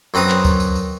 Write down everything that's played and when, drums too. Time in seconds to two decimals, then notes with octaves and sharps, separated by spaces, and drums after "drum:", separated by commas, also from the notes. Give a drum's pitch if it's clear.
0.14 F#2 C4 B4 A#5 D#6
0.29 drum: clap
0.45 drum: kick C#2, tambourine
0.60 drum: tambourine
0.75 drum: tambourine